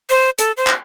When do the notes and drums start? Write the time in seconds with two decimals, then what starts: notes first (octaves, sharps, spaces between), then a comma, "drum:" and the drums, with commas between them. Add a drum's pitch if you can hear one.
0.10 C5
0.39 A4, drum: hi-hat
0.57 C5
0.67 drum: clap